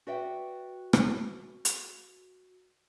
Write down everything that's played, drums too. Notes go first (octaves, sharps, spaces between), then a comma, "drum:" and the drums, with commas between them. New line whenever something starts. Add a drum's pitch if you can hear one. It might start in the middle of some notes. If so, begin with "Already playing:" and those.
F#4 B4 D5 E5 F#5 G5
drum: rim click
drum: hi-hat